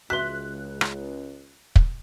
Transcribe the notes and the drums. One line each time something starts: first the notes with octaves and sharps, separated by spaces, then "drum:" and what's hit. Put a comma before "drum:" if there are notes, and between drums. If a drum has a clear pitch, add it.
C#2 F#4 B4 E5 C6 F#6 B6
drum: rim click
drum: kick